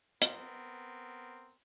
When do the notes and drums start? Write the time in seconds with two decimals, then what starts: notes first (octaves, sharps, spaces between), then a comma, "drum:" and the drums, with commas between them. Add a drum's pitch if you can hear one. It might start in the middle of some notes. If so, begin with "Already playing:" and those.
0.22 B3 C4 A#4, drum: hi-hat